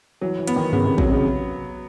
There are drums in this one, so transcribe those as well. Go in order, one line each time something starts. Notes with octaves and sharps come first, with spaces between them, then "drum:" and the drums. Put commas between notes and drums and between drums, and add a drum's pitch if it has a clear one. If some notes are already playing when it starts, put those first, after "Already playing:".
E3 F#3
E3
B3, drum: hi-hat
D#3
C#3 B3, drum: tom G2
C3
C3 F#3, drum: kick
C#3